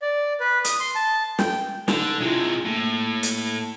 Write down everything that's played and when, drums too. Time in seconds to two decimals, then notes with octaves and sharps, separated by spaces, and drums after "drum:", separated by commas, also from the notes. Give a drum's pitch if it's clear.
0.02 D5
0.40 B4
0.64 D#6, drum: hi-hat
0.80 C6
0.95 A5
1.39 G5, drum: snare
1.88 D3 D#4, drum: snare
2.21 C3 G#3 D4 E4 F4
2.65 A2 A3 A#3
3.23 drum: hi-hat